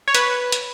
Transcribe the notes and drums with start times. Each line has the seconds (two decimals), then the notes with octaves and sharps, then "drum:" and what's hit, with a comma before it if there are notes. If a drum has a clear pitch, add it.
0.08 C#5
0.15 B4, drum: hi-hat
0.52 drum: hi-hat